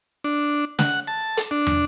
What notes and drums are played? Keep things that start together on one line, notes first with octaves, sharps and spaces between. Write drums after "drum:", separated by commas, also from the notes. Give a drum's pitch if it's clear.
D4
F#5, drum: snare
A5
drum: hi-hat
D4
drum: tom